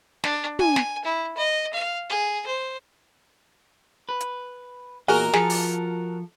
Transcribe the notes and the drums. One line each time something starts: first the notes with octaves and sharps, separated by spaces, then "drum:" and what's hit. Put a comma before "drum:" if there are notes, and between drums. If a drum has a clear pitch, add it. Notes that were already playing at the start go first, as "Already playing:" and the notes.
D4, drum: snare
G#5, drum: tom
drum: snare
E4
D#5
F5
G#4
C5
B4
drum: hi-hat
E2 A#2 F#4 G#4 A#4 D#5
F3 F4 G#4 A4, drum: snare
drum: open hi-hat